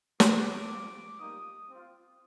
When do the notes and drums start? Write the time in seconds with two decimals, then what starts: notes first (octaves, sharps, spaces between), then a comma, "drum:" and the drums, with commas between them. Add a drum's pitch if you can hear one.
0.20 G3 A#3 F4 D6, drum: snare
0.69 G3 C4 F4
1.19 G3 A#3 D#4 G4 D#6
1.69 C4
1.74 F4